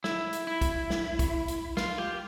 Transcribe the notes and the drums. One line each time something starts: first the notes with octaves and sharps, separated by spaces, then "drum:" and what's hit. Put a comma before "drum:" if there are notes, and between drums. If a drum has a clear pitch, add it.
E4, drum: snare
drum: hi-hat
E4
drum: kick, hi-hat
drum: snare
drum: kick, hi-hat
drum: hi-hat
F4, drum: snare
G4